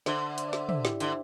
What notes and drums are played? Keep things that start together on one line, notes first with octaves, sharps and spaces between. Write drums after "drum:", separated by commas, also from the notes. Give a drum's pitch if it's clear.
D3 C5 E5, drum: snare
drum: hi-hat
D5
C5 E5, drum: snare
C5 E5, drum: tom
E4 G4, drum: snare
D3, drum: hi-hat